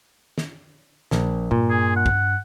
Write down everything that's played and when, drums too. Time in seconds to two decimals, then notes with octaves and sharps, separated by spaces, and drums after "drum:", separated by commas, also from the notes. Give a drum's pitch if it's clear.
0.38 drum: snare
1.11 A#1, drum: snare
1.51 G2 A#2
1.70 G#4
1.96 F#5
2.06 drum: kick